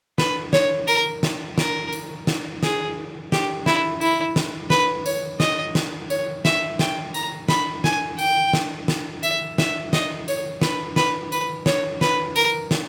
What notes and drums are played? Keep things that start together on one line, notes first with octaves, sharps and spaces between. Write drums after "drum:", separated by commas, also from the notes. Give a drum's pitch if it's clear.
B4, drum: snare
C#5, drum: snare
A#4, drum: tambourine
drum: snare
A#4, drum: snare
drum: tambourine
drum: snare
G#4, drum: snare
G4, drum: snare
E4, drum: snare
E4, drum: tambourine
drum: snare
B4, drum: snare
C#5, drum: tambourine
D#5, drum: snare
drum: snare
C#5, drum: tambourine
E5, drum: snare
G5, drum: snare
A#5, drum: tambourine
B5, drum: snare
G#5, drum: snare
G5, drum: tambourine
drum: snare
drum: snare
E5, drum: tambourine
E5, drum: snare
D#5, drum: snare
C#5, drum: tambourine
B4, drum: snare
B4, drum: snare
B4, drum: tambourine
C#5, drum: snare
B4, drum: snare
A#4, drum: tambourine
drum: snare